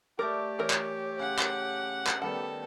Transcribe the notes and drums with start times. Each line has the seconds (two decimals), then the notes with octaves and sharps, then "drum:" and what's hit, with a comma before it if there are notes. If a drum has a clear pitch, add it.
0.19 A3 G4 A#4 D5 D6
0.59 E3 A#4 C#5
0.70 drum: clap
1.19 C#3 F#5
1.38 drum: clap
2.07 drum: clap
2.22 D#3 G3 B3 A4 F#5